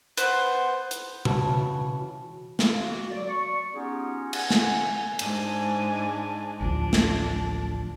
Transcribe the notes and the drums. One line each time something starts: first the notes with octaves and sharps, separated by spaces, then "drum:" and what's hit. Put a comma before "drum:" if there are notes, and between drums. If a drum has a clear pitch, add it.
B3 C5, drum: hi-hat
drum: hi-hat
C#3 E3 F#4 A5, drum: tom B2
G#3 A#3, drum: snare
A#3 F#4
F#3 D5
C#6
B3 C#4 D#4 F4 G4 G#4
F#5 G#5, drum: cymbal
drum: snare
G#2 D4 G#5, drum: cymbal
A1 D2 F3 D4
drum: snare